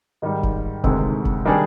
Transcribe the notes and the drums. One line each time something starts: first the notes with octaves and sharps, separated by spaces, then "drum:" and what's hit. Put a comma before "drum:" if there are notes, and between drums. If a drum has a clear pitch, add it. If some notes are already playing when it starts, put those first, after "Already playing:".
G#2 D#3 G3
drum: kick
D2 C3 D#3 G#3, drum: kick
drum: kick
D#3 G3 D4 G#4